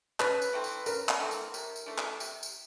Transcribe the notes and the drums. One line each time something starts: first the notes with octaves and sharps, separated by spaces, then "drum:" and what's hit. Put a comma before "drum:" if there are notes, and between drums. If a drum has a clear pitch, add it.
C#3 B4, drum: clap
drum: tambourine
E3 A3 C4
drum: tambourine
C#3 A#4, drum: tambourine
drum: clap
E3 A3 C4
drum: tambourine
C3, drum: tambourine
drum: tambourine
E3 A3
drum: clap
C3, drum: tambourine
drum: tambourine